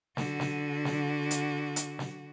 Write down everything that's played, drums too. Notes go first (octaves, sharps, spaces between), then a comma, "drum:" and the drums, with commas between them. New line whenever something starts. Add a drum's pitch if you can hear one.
D3 F#4, drum: snare
drum: snare
drum: snare
drum: hi-hat
drum: hi-hat
drum: snare